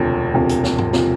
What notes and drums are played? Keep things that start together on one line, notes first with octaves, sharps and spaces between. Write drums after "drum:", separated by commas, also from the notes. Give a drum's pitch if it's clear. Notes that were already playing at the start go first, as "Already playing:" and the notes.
Already playing: E1 D2 C3 F3
E1 D2 C3 F3
drum: hi-hat
drum: snare
drum: tom G2
C3 F3, drum: snare